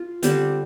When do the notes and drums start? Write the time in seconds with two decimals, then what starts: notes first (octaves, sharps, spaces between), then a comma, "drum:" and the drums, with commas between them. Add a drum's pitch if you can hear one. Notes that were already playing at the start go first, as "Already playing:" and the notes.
Already playing: F4
0.23 D3 G3 C4, drum: hi-hat